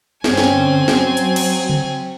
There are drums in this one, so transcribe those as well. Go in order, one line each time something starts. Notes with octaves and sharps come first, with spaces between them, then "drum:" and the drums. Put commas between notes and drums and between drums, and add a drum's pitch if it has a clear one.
G2 D3 C4 C#4 G#5, drum: snare
drum: snare
F#3, drum: snare
drum: hi-hat
drum: cymbal
drum: tom C#3